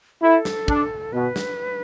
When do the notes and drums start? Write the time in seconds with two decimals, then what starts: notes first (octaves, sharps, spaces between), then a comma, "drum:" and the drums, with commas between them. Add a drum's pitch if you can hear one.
0.22 E4 A4
0.45 drum: snare
0.68 D4, drum: kick
1.13 B2 B4
1.36 drum: snare